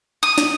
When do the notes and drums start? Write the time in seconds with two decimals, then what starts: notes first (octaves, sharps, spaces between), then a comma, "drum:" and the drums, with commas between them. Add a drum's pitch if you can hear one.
0.23 D#6
0.38 drum: snare